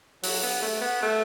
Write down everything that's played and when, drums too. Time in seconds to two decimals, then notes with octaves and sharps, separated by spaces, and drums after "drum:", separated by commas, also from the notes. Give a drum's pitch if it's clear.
0.23 F#3, drum: open hi-hat
0.43 B3
0.62 A3
0.82 B3
1.02 A3